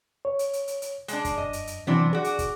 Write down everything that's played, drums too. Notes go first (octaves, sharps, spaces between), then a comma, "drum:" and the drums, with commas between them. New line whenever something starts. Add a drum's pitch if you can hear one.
C#5
drum: hi-hat
drum: hi-hat
drum: hi-hat
drum: hi-hat
G#3 D4, drum: hi-hat
drum: kick, hi-hat
F#2 D#5
drum: hi-hat
drum: hi-hat
C3 E3 F#3 B3 C4 D4
F#4 G#4 D5 F#5
drum: hi-hat
drum: kick, hi-hat